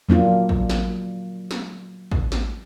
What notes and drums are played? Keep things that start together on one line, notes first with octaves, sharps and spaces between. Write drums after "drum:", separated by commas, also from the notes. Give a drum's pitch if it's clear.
F#3 A#3 D4 F4
drum: kick A1
drum: snare
drum: snare
drum: kick A1
drum: snare